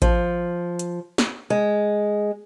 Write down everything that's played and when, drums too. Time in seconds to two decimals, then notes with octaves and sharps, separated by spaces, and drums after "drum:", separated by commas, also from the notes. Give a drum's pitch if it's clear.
0.02 F3, drum: kick A1, hi-hat
0.79 drum: hi-hat
1.18 drum: snare
1.50 G#3